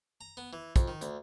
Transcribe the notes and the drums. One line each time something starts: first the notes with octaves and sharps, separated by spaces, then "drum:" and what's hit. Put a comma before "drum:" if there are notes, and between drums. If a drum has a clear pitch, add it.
A#5
B3
E3
F2, drum: kick, hi-hat
D#3
D2, drum: hi-hat